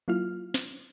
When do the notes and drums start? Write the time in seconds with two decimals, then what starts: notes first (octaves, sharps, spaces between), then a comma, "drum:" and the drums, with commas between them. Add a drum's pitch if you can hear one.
0.08 F#3 A#3 E4 F4 F6
0.54 drum: snare